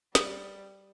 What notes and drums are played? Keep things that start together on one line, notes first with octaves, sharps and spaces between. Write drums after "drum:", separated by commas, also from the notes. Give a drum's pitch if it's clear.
G3, drum: snare